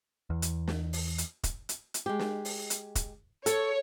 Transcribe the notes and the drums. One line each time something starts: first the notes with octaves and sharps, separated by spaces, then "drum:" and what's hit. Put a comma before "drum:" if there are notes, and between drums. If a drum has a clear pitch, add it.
E2
drum: hi-hat
drum: snare
drum: open hi-hat
drum: hi-hat
drum: kick E1, hi-hat
drum: hi-hat
drum: hi-hat
G#3 G4
drum: snare
drum: open hi-hat
drum: hi-hat
drum: kick E1, hi-hat
A4 C#5, drum: hi-hat